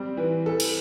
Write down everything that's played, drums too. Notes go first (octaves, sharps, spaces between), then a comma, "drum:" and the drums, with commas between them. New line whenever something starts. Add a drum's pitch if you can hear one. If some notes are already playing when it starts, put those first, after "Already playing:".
Already playing: G3 C4
E3
E3 A4
drum: cymbal